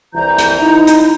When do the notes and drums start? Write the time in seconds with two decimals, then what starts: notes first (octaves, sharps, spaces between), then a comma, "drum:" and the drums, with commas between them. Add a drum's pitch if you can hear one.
0.14 C2 E3 A#5 G6
0.38 drum: hi-hat
0.59 D#4 E4
0.87 drum: hi-hat